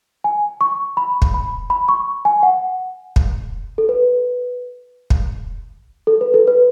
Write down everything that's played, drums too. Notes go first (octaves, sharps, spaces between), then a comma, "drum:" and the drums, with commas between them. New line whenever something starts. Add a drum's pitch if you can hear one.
G#5
C#6
B5
drum: kick
B5
B5
C#6
G#5
F#5
drum: kick
A4
B4
drum: kick
A4
B4
A4
B4